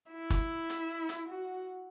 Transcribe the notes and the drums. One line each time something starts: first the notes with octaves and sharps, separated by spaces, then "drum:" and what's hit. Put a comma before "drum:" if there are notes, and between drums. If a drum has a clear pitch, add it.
E4
drum: kick, hi-hat
drum: hi-hat
drum: hi-hat
F#4